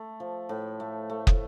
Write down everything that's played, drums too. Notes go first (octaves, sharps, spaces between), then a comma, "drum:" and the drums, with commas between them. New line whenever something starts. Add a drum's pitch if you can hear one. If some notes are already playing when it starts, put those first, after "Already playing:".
Already playing: A3
F3
A2
A3
A3
drum: kick